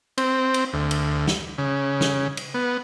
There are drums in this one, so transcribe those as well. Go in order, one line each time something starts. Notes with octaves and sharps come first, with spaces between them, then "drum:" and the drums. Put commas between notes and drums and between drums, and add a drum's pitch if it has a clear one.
C4, drum: cymbal
drum: cymbal
D2
drum: cymbal
drum: snare
C#3
drum: snare
drum: cymbal
B3